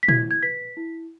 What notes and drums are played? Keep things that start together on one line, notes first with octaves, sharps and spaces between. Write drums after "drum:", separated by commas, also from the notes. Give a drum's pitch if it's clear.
B6
E4 G#6, drum: tom A#2
G#6
B4 B6
E4